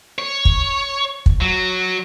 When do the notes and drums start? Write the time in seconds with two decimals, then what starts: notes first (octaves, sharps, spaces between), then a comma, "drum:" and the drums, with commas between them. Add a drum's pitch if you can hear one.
0.18 C#5
0.45 drum: kick
1.26 drum: kick
1.41 F#3